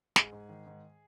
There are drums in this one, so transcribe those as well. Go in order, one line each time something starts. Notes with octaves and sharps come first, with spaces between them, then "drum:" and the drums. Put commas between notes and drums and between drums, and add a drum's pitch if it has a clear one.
G#2 G#4, drum: snare
G#2
D#3
G#2